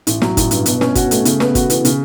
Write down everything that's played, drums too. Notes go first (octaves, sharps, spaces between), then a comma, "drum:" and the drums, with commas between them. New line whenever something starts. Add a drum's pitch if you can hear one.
A1, drum: hi-hat
F#3, drum: snare
A1, drum: kick G1, hi-hat
G2, drum: hi-hat
B2, drum: hi-hat
C#4, drum: snare
F#4, drum: kick G1, hi-hat
A3, drum: hi-hat
C#3, drum: hi-hat
B3, drum: snare
F#4, drum: kick G1, hi-hat
E3, drum: hi-hat
C#3, drum: hi-hat